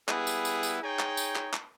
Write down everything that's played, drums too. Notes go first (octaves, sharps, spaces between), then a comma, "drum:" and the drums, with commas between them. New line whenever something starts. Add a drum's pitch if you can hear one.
G3 B3 E4 G#4, drum: clap
drum: tambourine
drum: tambourine
drum: tambourine
D#4 G#4 C#5 G5
drum: clap
drum: tambourine
drum: clap
drum: clap